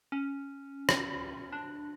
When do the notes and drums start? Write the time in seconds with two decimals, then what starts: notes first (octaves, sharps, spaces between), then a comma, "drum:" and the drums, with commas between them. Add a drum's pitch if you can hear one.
0.12 C#4
0.89 drum: rim click
1.52 D4